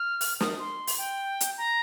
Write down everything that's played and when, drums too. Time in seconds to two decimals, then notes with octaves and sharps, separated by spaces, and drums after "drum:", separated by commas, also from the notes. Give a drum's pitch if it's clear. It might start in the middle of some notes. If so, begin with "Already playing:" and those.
Already playing: F6
0.21 drum: open hi-hat
0.40 D#6, drum: snare
0.59 C6
0.87 drum: open hi-hat
0.98 G5
1.41 drum: hi-hat
1.58 A#5